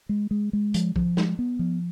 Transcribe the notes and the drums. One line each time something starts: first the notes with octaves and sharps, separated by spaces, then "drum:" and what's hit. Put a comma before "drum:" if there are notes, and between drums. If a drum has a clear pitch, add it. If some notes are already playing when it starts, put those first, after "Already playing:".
G#3
G#3
G#3
F3, drum: hi-hat
F3, drum: kick
G#3, drum: snare
B3
F3